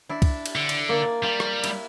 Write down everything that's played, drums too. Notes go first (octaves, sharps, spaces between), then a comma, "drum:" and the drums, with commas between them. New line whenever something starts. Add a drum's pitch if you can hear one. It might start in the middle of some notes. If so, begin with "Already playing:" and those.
D4 E4
drum: kick, cymbal
drum: cymbal
D3
drum: cymbal
A#3 D5
G3 F4
drum: rim click
E4, drum: cymbal